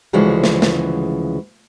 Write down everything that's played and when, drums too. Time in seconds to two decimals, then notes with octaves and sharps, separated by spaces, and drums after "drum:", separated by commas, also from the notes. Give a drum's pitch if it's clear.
0.13 D2 C#3 E3 F3 G#3 F#4
0.44 drum: snare
0.62 drum: snare